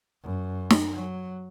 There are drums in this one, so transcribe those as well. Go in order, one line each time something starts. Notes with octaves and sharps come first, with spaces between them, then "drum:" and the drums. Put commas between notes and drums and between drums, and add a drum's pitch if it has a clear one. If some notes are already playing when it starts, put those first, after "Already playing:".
F#2
drum: snare
F#3